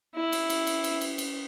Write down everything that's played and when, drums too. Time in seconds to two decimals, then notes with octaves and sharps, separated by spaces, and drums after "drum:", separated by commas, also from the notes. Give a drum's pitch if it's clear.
0.15 E4
0.32 drum: cymbal
0.50 drum: cymbal
0.67 drum: cymbal
0.84 drum: cymbal
1.01 drum: cymbal
1.18 drum: cymbal